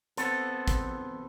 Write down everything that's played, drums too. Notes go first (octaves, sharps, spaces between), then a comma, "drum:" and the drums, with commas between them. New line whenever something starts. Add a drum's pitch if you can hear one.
B3 C4 A4, drum: hi-hat
drum: kick, hi-hat